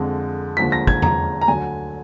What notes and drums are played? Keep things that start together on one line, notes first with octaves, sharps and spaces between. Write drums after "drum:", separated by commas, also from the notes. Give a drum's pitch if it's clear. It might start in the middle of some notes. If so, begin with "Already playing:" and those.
Already playing: F2 D3 G#3
D#2 D3 F3 G#3 B6
A#6
G#6, drum: kick
A#5, drum: tom E2
A#5
D2 D3 F#3 G#5